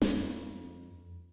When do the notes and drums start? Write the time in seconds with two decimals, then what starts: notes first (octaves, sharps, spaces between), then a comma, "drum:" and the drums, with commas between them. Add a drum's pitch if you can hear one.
0.02 F2, drum: snare